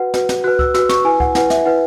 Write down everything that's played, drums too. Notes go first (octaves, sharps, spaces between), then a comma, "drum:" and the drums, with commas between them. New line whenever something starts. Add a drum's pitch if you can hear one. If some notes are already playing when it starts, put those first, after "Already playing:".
Already playing: F#4 B4 F#5
F#4 B4, drum: snare
drum: snare
F#4 B4 F#6
E6, drum: kick C#2
F#4 B4 E6, drum: snare
C#6, drum: snare
E4 B4 G#5
F#5, drum: kick C#2
E4 B4 F#5, drum: snare
E5, drum: snare
E4 B4 F#5